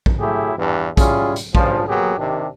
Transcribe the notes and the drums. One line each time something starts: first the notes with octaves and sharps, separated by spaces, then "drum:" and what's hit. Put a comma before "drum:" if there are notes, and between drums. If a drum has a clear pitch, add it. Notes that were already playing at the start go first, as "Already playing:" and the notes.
drum: kick A#1
F#3 A3 E4 G4 G#4
E2 G2
G3 C#4 E4 F4 G#4, drum: kick A#1, hi-hat
drum: hi-hat
D2 G2 C#3 F3, drum: kick A#1
F#3 A#3 B3 G4 G#4
C3 D#3 D4 G4